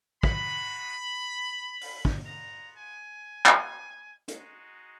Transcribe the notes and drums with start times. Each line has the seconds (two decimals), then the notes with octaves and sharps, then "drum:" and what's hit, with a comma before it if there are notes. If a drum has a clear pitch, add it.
0.23 G#3 D#4 F#4 B5, drum: kick
1.81 drum: open hi-hat
2.05 drum: kick
2.26 B3 F4 A#5
2.76 G#5
3.46 drum: clap
4.28 G#3 D#4 F#4, drum: hi-hat